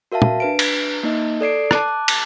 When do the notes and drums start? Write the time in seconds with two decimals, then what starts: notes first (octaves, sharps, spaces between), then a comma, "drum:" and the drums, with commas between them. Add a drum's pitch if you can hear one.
0.12 F#4 A#4 E5 F5 A5
0.22 drum: tom
0.40 D4 B4 D7
0.59 drum: cymbal
1.03 A#3 D#4 D#5
1.41 A4 D5 C7 D7
1.71 A5 D6 F#6, drum: rim click
2.08 drum: cymbal